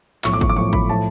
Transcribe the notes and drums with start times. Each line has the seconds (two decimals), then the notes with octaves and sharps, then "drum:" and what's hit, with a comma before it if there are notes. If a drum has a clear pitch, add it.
0.24 B1 A2 F3 C#6, drum: clap
0.33 D6
0.41 C#6, drum: kick G#1
0.49 D6
0.56 B1 A2 F3 C#6
0.73 B5, drum: kick G#1
0.89 A2 F3 A5